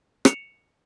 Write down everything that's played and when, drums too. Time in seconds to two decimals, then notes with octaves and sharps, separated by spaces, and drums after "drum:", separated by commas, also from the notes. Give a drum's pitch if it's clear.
0.25 C#7 E7 F7, drum: rim click